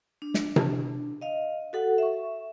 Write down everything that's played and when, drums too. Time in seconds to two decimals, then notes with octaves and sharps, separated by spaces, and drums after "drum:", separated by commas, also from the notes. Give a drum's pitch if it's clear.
0.22 D4
0.34 drum: snare
0.56 drum: tom C3
1.21 D#5 F5
1.73 F#4 A4 F#5
1.98 E5 C#6